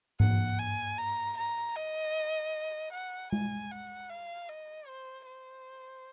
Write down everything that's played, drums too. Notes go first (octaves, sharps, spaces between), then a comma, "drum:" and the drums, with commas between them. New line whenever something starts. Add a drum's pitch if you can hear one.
F#5, drum: tom G#2
G#5
A#5
A#5
D#5
F#5
G#5, drum: tom G#3
F#5
F5
D#5
C5
C5